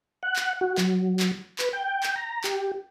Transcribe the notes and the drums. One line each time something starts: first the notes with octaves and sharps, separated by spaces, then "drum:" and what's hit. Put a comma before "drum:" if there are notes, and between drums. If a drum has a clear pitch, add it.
F#5
drum: clap
F#4
F#3, drum: clap
drum: clap
B4, drum: clap
G5
drum: clap
A#5
G4, drum: clap